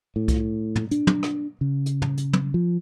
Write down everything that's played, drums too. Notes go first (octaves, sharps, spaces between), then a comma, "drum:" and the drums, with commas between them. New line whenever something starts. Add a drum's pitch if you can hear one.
A2
drum: kick C2, hi-hat
drum: tom
D4, drum: hi-hat
drum: tom
drum: rim click
C#3
drum: hi-hat
drum: tom
drum: hi-hat
drum: tom
F3